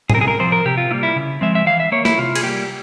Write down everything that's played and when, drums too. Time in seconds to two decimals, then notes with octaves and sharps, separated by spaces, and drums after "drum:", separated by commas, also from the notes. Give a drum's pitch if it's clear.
0.10 G#4, drum: tom A2
0.14 C3 A#4
0.21 G#4
0.28 A#4
0.40 F3 C4 C5
0.52 A#4
0.65 C3 G4
0.78 F4
0.91 G3 A#3 E4
1.03 E4
1.16 C#3
1.41 F3 G#3 C4 E5
1.55 E5
1.67 E3 F5
1.80 E5
1.92 A#3 C#5
2.05 E4, drum: snare
2.18 C3 F4
2.35 G#4, drum: cymbal
2.43 G3 A#3 G4